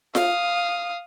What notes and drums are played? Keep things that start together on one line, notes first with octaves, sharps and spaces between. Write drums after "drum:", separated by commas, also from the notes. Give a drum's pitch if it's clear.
F5 D#6, drum: snare F4